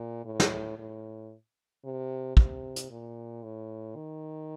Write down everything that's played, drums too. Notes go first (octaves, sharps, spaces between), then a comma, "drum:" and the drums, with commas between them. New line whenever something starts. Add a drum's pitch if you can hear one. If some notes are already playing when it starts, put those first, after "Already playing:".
Already playing: A#2
A2
drum: snare
A2
C3
C3, drum: kick
drum: hi-hat
A#2
A2
D#3